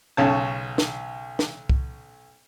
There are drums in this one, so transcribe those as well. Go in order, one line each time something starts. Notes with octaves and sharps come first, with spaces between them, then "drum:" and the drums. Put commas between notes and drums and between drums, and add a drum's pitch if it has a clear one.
B1 C#3 C#5 A5
drum: snare
drum: snare
drum: kick